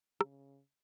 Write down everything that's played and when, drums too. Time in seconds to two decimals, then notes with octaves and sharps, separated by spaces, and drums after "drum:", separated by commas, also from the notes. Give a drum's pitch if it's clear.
0.21 C#3, drum: rim click